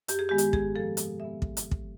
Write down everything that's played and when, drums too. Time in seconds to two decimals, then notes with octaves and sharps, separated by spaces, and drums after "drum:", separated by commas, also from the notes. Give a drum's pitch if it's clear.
0.08 F#2 G4, drum: hi-hat
0.19 G#4
0.29 D#3 G#3 B3 G4
0.38 drum: hi-hat
0.53 G#2 G#4, drum: kick
0.75 F3 A#3 A4
0.97 B2, drum: hi-hat
1.20 G#3 B3 E5
1.42 drum: kick
1.57 drum: hi-hat
1.71 drum: kick